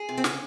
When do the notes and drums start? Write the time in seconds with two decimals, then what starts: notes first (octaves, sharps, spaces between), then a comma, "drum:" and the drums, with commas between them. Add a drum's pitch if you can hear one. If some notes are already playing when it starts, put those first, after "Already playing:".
Already playing: G#4
0.09 C3
0.18 C4
0.24 C#3 C#4, drum: snare